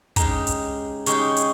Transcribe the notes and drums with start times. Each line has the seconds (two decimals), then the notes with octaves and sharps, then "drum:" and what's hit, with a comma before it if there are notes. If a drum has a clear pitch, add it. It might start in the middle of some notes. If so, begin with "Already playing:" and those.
0.16 C#3 G#3 D#4 G4 A#5, drum: kick, hi-hat
0.47 drum: hi-hat
1.06 C#3 G#3 D#4 G4 C#6, drum: hi-hat
1.37 drum: hi-hat